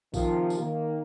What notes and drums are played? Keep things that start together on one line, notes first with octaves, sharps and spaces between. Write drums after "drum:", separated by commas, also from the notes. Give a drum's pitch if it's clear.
C3 D#3 F3, drum: kick A1, tambourine
drum: tambourine
D#3 A#3